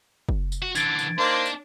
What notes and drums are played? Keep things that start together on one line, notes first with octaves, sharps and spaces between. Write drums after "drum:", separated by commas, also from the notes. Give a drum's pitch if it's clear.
drum: kick
drum: tambourine
F#4
D3 E3 G#6 A6 D7, drum: tambourine
drum: tambourine
A#3 D4 D#4 C5
drum: tambourine